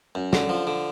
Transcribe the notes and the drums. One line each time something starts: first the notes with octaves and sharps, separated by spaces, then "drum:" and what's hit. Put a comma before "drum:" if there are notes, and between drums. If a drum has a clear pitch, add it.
F#2
D3, drum: snare
F3
D3